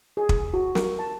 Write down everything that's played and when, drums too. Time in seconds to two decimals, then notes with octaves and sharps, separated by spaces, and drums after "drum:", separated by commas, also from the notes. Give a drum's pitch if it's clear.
0.17 G#4
0.29 drum: kick
0.54 F#4
0.75 A#4, drum: snare
0.99 A5